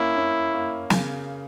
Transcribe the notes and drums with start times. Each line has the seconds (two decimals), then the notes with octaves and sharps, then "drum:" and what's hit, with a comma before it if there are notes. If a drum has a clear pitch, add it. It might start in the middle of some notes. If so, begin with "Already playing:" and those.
Already playing: A#3 C#4 E4
0.17 C#4
0.54 A#3
0.90 C#3, drum: snare